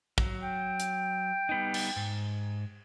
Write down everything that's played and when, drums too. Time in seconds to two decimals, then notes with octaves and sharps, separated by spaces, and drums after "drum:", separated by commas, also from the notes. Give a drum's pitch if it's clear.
0.18 F#3, drum: kick
0.43 G5
0.80 drum: hi-hat
1.49 G3 B3 D#4
1.74 drum: cymbal
1.96 G#2